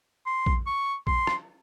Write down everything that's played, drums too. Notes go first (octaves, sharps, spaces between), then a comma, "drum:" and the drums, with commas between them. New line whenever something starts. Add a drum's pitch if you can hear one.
C6
drum: kick
C#6
C6, drum: kick
drum: rim click